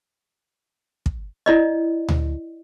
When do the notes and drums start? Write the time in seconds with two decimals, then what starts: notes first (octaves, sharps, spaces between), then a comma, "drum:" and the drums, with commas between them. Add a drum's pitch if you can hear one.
1.06 drum: kick
1.46 E4 D5 D#5
2.09 drum: tom D2